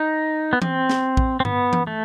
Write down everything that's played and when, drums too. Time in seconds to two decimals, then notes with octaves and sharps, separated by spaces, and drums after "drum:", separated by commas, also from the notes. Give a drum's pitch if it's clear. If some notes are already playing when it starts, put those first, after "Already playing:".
Already playing: D#4
0.53 B3
0.62 C4, drum: tom E3
0.90 drum: snare
1.17 drum: kick A#1
1.40 C4
1.45 B3, drum: tom G2
1.73 drum: tom E3
1.87 A3